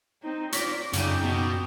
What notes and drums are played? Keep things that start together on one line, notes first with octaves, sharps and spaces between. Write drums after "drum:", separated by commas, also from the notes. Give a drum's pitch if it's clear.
C4 D#4
F4 D5 C#6 A#6 B6, drum: hi-hat
F#2 C#3 D#4 G5 D6, drum: hi-hat
B2